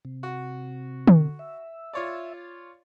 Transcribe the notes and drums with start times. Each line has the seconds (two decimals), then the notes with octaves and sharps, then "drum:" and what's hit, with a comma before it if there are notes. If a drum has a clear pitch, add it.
0.05 C3
0.23 F#4
1.07 drum: tom
1.39 E5
1.93 F4 C#5 D5